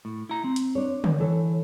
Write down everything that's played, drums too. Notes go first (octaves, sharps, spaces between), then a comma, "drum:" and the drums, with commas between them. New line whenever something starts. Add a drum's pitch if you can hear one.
A2
E4 A#5
C4
drum: hi-hat
D4 C#5
drum: tom D3
E3 A4 C#5